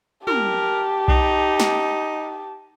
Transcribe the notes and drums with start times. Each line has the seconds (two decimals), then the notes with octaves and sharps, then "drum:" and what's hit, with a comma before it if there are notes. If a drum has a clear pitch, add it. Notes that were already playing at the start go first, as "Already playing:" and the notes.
0.27 G4 A#4 A5, drum: tom
1.08 D#4, drum: kick B1
1.60 drum: snare